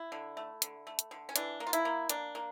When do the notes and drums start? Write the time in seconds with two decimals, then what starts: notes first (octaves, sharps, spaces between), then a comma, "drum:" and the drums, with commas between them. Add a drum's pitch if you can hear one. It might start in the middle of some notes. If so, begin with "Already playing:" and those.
Already playing: E4
0.12 D3
0.37 A3
0.62 D3, drum: hi-hat
0.87 A3
0.99 drum: hi-hat
1.11 D3
1.29 C#4
1.36 E3 D4, drum: hi-hat
1.60 A#3
1.67 F4
1.73 E4, drum: hi-hat
1.85 A#3
2.09 A#3 D4, drum: hi-hat
2.35 A#3